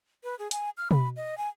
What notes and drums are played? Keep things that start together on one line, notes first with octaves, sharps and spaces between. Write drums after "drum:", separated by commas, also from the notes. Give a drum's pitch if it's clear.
B4
G#4
G#5, drum: hi-hat
F6
B5, drum: tom B2
D#5
G#5